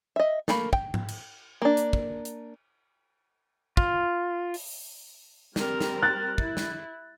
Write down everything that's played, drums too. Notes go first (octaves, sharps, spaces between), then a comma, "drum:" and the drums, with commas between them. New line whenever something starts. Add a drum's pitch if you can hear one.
D#5 E5
A3 A#3 B5, drum: snare
G5, drum: kick
drum: tom G#2
drum: cymbal
A#3 D4
drum: hi-hat
drum: kick
drum: hi-hat
F4, drum: kick
drum: open hi-hat
G3 C4 A#4, drum: snare
drum: snare
F#6 A6
E4, drum: kick
drum: snare